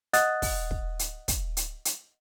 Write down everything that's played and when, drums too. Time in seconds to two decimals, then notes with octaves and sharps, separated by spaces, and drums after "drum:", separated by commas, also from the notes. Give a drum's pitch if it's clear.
0.13 D#5 F#5 D#6 F#6 A6, drum: hi-hat
0.42 drum: kick, open hi-hat
0.71 drum: kick
0.99 drum: hi-hat
1.28 drum: kick, hi-hat
1.57 drum: hi-hat
1.85 drum: hi-hat